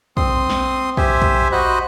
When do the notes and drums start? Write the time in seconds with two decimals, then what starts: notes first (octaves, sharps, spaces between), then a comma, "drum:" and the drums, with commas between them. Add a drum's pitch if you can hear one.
0.17 C4 C6 D#6, drum: kick
0.50 drum: snare
0.97 G4 C5 E5 G#5, drum: kick
1.22 drum: kick
1.52 F#4 C5 D#5 B5 F#6